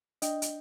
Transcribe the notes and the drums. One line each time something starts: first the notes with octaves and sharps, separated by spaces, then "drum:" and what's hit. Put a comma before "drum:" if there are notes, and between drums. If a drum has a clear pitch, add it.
D4 D#5 G5, drum: hi-hat
drum: hi-hat